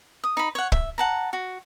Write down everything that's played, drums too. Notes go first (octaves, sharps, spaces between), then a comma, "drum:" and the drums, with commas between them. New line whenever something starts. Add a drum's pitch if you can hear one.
D#6
D#4 B5
C#5 F#5
E5, drum: kick
F#5 A5 A#5
F#4